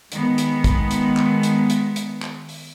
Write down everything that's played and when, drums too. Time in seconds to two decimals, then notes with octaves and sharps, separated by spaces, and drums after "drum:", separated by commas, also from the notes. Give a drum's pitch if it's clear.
0.12 D#3 G#3 B3, drum: hi-hat
0.38 drum: hi-hat
0.64 drum: kick, hi-hat
0.91 drum: hi-hat
1.17 drum: clap
1.43 drum: hi-hat
1.70 drum: hi-hat
1.96 drum: hi-hat
2.22 drum: clap
2.49 drum: open hi-hat